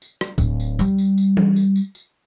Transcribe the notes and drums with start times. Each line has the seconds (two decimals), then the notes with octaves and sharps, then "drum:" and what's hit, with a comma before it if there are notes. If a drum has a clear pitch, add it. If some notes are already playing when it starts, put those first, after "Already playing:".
0.02 drum: tambourine
0.21 drum: rim click
0.38 D1, drum: kick A1, tambourine
0.60 drum: tambourine
0.79 G3, drum: tambourine
0.98 drum: tambourine
1.18 drum: tambourine
1.37 drum: tom E3
1.56 drum: tambourine
1.76 drum: tambourine
1.95 drum: tambourine